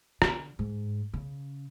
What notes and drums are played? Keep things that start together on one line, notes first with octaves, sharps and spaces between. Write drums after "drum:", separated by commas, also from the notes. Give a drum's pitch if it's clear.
D3, drum: rim click
G#2
C#3